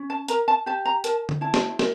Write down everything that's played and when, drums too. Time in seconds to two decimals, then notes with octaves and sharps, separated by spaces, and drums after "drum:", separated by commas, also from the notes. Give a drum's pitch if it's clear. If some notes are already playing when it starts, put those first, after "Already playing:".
Already playing: C#4
0.10 A5
0.28 A#4 A#5, drum: hi-hat
0.48 A5
0.66 G4 A5
0.85 A#5
1.04 A#4 A5, drum: hi-hat
1.29 drum: tom D3
1.41 E4 A5
1.54 drum: snare
1.79 A#4, drum: snare